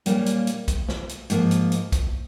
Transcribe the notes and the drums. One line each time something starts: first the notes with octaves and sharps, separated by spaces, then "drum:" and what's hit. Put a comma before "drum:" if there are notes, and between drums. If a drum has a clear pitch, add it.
A#2 G3 A#3 C#4, drum: hi-hat
drum: hi-hat
drum: hi-hat
drum: kick, hi-hat
drum: snare
drum: hi-hat
G#2 F3 A#3, drum: hi-hat
drum: hi-hat
drum: hi-hat
drum: kick, hi-hat